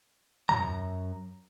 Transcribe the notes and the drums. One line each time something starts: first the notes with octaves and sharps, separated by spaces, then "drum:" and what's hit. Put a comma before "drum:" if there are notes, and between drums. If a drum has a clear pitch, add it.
F#2 A#5, drum: tom